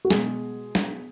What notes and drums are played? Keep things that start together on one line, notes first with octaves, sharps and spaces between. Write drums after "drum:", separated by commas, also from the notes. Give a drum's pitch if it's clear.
F#4
B2 G#3 G#4, drum: snare
drum: snare